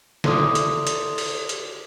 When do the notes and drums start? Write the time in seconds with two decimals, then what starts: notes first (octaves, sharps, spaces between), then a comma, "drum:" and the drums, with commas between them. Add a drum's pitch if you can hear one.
0.24 E4 A4 D5 C6 D6 D#6, drum: snare
0.55 drum: hi-hat
0.87 drum: hi-hat
1.18 drum: open hi-hat
1.49 drum: hi-hat